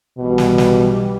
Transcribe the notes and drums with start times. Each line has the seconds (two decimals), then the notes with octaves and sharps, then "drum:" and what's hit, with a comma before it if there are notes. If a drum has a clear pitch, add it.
0.18 B1 B2 E3 G3
0.38 drum: snare
0.58 drum: snare